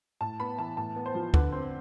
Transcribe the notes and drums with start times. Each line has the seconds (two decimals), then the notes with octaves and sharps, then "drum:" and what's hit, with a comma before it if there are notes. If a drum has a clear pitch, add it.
0.21 A2 A5
0.40 B3 B5
0.59 E3 A5
0.77 A2 A5
0.96 B3
1.06 C5
1.15 F3
1.34 D3 B4, drum: kick
1.52 C4 C5